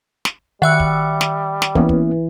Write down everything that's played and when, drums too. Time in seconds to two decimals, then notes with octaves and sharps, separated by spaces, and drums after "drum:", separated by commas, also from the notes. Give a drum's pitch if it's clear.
0.25 drum: snare
0.62 D#3 G3 E5 F#5 E6
0.80 drum: kick
1.21 drum: snare
1.62 drum: snare
1.75 E3 A#3 B3 C#4, drum: kick
1.89 drum: kick